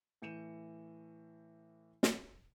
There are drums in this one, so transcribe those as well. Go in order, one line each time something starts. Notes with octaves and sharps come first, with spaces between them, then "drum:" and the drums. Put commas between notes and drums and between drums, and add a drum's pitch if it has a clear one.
A2 E3 G6 C#7 D#7 E7
drum: snare